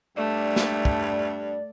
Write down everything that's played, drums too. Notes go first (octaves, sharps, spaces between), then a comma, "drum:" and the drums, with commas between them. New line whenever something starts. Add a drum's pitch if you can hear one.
G2 A3 D5
drum: snare
drum: kick